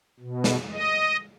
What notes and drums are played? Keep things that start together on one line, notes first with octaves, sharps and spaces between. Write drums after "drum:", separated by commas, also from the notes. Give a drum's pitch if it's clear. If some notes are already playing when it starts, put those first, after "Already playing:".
B2
drum: snare
D#5